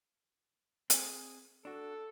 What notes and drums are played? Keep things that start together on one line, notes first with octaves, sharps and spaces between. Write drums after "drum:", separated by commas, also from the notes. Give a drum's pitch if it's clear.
C4 G#4, drum: hi-hat
D4 F#4 A4